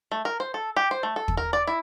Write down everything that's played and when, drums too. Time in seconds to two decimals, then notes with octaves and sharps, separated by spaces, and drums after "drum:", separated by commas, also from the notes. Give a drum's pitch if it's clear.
0.12 A3
0.25 A#4
0.40 C5
0.54 A4
0.77 G4
0.91 C5
1.03 A3
1.16 A4
1.28 drum: kick
1.37 A#4
1.53 D5
1.67 E4